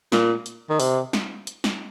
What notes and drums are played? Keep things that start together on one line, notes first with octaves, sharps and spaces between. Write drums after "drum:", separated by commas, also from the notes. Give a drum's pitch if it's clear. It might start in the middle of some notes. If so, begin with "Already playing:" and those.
A#2, drum: snare
drum: hi-hat
D#3
C3, drum: open hi-hat
drum: snare
drum: hi-hat
drum: snare